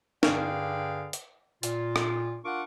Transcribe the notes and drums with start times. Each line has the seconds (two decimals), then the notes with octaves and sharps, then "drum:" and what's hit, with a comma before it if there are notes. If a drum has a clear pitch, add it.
0.23 G2 D3 G#4 D5 F5 G5, drum: snare
1.13 drum: hi-hat
1.63 A#2 F4, drum: hi-hat
1.96 drum: rim click
2.45 D4 F4 A#4 F#5 C#6 D6